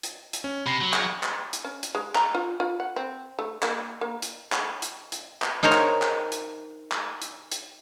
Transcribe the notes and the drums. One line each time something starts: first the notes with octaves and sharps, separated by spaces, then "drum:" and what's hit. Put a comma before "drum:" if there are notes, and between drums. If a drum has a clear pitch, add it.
drum: hi-hat
drum: hi-hat
C#4
C3 B5 A#6 C7
F#3
drum: clap
drum: clap
drum: hi-hat
C#4
drum: hi-hat
G#3
A#5, drum: clap
F4
F4
F#5
C4
A3
A#3, drum: clap
A#3
drum: hi-hat
drum: clap
drum: hi-hat
drum: hi-hat
drum: clap
D#4 A#4 C5 C#5 A#5
drum: clap
drum: clap
drum: hi-hat
drum: clap
drum: hi-hat
drum: hi-hat